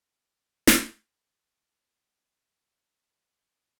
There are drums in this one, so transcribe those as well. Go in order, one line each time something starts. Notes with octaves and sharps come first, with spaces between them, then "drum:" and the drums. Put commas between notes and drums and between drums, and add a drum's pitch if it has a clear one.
E3 F#5
drum: snare
D4 F#5
G#2 C4 G4
D#3 A#3 C#4 E4 C#6 G6
B4 C#5